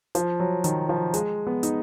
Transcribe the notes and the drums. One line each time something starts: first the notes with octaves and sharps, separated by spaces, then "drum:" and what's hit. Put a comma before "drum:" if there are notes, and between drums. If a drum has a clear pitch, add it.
F3, drum: hi-hat
F#3
D#3, drum: hi-hat
F3
G#3, drum: hi-hat
B3
D#4, drum: hi-hat